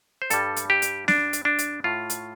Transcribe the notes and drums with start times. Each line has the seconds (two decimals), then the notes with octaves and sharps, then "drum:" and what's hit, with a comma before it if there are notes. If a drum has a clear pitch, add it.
0.22 C5
0.30 G2 G3 A4, drum: hi-hat
0.56 drum: hi-hat
0.70 G4
0.82 drum: hi-hat
1.08 D4, drum: snare
1.33 drum: hi-hat
1.45 D4
1.58 drum: hi-hat
1.84 A2 A3 F4
2.10 drum: hi-hat